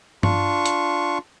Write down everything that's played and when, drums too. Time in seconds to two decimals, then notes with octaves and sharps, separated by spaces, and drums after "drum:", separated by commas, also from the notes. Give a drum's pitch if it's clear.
0.23 D4 F4 C#6, drum: tom G2
0.66 drum: hi-hat